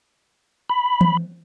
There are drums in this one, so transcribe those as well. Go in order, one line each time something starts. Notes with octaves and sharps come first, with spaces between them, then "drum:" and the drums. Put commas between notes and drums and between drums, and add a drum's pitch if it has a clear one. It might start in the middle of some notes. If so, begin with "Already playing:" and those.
B5
drum: tom E3